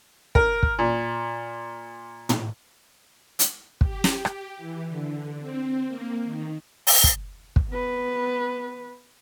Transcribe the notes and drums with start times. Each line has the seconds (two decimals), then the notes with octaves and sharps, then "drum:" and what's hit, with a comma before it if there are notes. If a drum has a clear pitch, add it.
0.35 A#4, drum: kick
0.63 drum: kick
0.79 A#2
2.29 drum: tom
3.39 drum: hi-hat
3.81 G4, drum: kick
4.04 drum: snare
4.25 G4, drum: rim click
4.57 E3
4.88 D3
5.39 C4
5.87 A#3
6.23 D#3
6.87 drum: open hi-hat
7.04 drum: kick
7.56 drum: kick
7.69 B3 B4